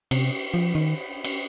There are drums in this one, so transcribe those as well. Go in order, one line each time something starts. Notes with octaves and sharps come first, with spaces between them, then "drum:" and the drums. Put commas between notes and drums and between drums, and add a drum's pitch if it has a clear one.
C3, drum: cymbal
F3
D#3
drum: cymbal